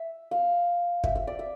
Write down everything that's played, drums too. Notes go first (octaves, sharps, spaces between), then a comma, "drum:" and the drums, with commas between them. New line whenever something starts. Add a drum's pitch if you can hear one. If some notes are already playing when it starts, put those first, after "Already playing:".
Already playing: E5
F5
E5, drum: kick
E5
D5
E5